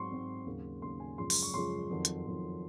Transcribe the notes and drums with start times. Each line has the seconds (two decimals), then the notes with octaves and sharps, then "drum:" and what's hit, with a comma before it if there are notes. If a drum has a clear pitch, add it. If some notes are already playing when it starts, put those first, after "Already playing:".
Already playing: G#2 F#3 C4 C6 C#6
0.11 G#2 F#3 C4
0.46 D#2 C#3 F#3 A#3
0.82 D#2 C#3 F#3 A#3 C6
1.00 G#5
1.18 F#2 C#3 F3 G#3 C6
1.30 C6, drum: open hi-hat
1.42 C#6
1.54 F#2 C#3 F3 G#3 C6
1.90 F2 D#3 F#3
2.05 drum: hi-hat
2.26 F2 D#3 F#3